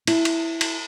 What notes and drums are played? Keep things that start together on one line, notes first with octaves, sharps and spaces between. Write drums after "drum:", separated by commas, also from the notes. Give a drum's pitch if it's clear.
E4, drum: cymbal
drum: cymbal
drum: cymbal